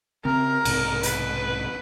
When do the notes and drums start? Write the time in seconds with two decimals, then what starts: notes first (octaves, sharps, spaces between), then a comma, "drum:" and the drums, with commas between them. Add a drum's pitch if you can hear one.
0.25 C#3 C4 A#4
0.65 B1 G#2 C3, drum: cymbal
1.03 B4, drum: hi-hat